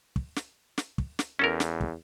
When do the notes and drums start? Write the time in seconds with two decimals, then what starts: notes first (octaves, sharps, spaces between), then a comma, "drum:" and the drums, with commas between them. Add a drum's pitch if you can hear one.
0.16 drum: kick
0.36 drum: snare
0.78 drum: snare
0.98 drum: kick
1.19 drum: snare
1.39 E2 C#4 A4 A#4
1.60 drum: snare
1.81 drum: kick